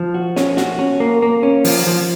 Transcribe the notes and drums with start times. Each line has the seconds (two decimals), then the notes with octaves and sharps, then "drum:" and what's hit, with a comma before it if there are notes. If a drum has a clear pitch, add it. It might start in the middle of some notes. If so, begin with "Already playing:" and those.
Already playing: F3
0.14 F#4
0.36 C#4, drum: snare
0.57 F#4, drum: snare
0.79 C#4
1.00 A#3
1.22 A#3
1.43 C#4
1.64 F3, drum: open hi-hat
1.87 F3